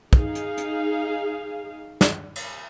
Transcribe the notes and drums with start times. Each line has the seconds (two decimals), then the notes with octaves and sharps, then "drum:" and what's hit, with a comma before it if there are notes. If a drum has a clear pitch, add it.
0.13 D#4 G#4 F5, drum: kick
0.35 drum: hi-hat
0.58 drum: hi-hat
2.01 drum: snare
2.36 drum: cymbal